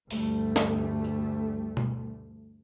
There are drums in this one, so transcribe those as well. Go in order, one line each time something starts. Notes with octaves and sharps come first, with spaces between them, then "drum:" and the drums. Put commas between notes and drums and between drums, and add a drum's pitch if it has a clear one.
D2 G2 G3 A3, drum: open hi-hat
drum: snare
drum: tambourine
drum: tom B2